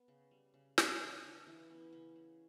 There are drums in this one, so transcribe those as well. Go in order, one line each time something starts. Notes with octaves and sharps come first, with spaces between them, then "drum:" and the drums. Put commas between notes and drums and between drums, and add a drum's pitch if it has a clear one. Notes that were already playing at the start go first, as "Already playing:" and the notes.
Already playing: B3
C#3
G3
C#3
B3, drum: snare
C#3 D4 D5
C#3 D4 D5
C#3 E3 E4
B3 C#4
C#3 C#4
C#3